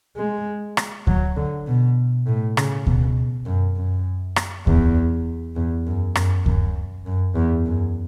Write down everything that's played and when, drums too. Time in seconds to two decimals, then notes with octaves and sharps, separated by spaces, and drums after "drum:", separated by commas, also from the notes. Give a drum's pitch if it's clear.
0.17 G#3
0.77 drum: rim click
1.07 F#3, drum: kick D2
1.37 D3
1.67 B2
2.27 A2
2.57 C#3, drum: rim click
2.86 B2, drum: kick D2
3.46 F#2
3.77 F#2
4.36 drum: rim click
4.67 E2, drum: kick D2
5.56 E2
5.86 F#2
6.15 F#2, drum: rim click
6.46 F#2, drum: kick D2
7.06 F#2
7.35 E2
7.65 F#2